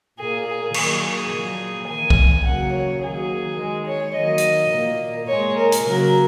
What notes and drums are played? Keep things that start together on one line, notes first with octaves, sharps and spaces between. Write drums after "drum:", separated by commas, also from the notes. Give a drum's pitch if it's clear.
A#2 A#3 G#4
G#4
D#3 F#3 A#3 G#4, drum: cymbal
G#4
A#2 F#3 A#3
D#3 A#3 G#5
drum: kick
C#3 F#3 A#3 F#5
C#5
D#3 F#3 A#3 G#4
D#3 G#3
C#5
D#3 F#3 A#3 D#5
drum: hi-hat
A#2 A#3
A#2 G#3 C#5
A#4
drum: hi-hat
C#3 F#3 A#3 A#4